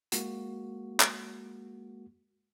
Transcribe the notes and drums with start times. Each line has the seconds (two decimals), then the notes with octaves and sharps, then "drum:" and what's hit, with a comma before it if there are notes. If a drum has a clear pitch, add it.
0.12 G#3 A#3 F#4, drum: hi-hat
1.00 drum: clap